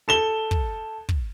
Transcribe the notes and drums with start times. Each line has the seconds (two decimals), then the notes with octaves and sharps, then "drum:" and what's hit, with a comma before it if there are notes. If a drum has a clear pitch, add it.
0.08 A4 E7 G7
0.51 drum: kick
1.09 drum: kick